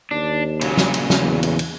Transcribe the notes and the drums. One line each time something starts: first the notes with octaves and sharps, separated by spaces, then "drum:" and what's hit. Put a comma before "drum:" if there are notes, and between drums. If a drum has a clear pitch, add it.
D#2 D4
A#2 C#3 F#3, drum: cymbal
drum: snare
drum: cymbal
drum: snare
E2
drum: cymbal
drum: cymbal